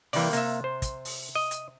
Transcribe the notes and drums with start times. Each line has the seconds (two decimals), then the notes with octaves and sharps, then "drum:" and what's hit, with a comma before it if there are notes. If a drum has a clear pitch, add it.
0.13 C3 E3 G3 A#3 D5, drum: open hi-hat
0.33 C3 A#3 E5, drum: hi-hat
0.64 C5
0.82 drum: kick, hi-hat
1.05 drum: open hi-hat
1.35 D#5
1.51 drum: hi-hat